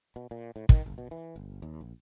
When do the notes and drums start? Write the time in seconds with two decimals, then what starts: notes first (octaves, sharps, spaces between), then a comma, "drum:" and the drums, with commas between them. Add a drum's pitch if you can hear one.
0.16 B2
0.31 A#2
0.56 A2
0.69 D#3, drum: kick
0.86 G1
0.98 B2
1.11 E3
1.36 G1
1.62 D#2
1.81 A#1